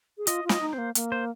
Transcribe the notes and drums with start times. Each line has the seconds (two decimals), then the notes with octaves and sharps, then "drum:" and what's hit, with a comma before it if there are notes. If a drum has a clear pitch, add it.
0.18 G#4
0.27 F4 D#5, drum: hi-hat
0.44 F4
0.49 D#5, drum: snare
0.61 D#4
0.73 C4 C5
0.78 A#3
0.95 A#3, drum: hi-hat
1.12 C5